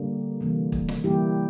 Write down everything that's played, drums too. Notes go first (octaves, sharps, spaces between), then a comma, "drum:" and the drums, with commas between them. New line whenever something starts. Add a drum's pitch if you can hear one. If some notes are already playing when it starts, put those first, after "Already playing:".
Already playing: D3 G3 A#3
C3 E3 G3 A#3
drum: kick
drum: snare
E3 G3 A#3 E4 G4